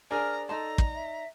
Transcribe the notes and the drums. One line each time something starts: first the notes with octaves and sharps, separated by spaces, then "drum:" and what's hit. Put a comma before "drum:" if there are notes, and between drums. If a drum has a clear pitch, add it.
D4 G#4 A#4 C5 D5 G#5 A#5 F6
D#4 A4 D5 A5 A#5 C6
drum: kick
E5